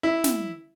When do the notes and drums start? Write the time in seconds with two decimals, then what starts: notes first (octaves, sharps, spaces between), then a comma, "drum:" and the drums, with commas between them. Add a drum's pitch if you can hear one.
0.03 E4
0.24 drum: snare